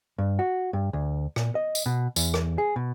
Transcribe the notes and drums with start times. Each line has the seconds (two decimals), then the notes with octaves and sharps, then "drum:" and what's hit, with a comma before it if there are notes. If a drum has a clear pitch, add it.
0.18 G2
0.39 F#4
0.73 G2
0.93 D2
1.36 A#2, drum: rim click
1.55 D#5
1.75 drum: tambourine
1.86 B2
2.16 E2, drum: tambourine
2.34 drum: rim click
2.58 G#4
2.76 B2